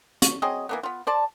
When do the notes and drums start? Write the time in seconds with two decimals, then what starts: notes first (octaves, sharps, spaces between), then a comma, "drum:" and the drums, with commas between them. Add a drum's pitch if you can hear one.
0.22 C#6, drum: hi-hat
0.42 F#3 C4 G#4 D#5
0.69 E3 A#3 B3
0.83 B3 F4
1.07 C5 D5 A5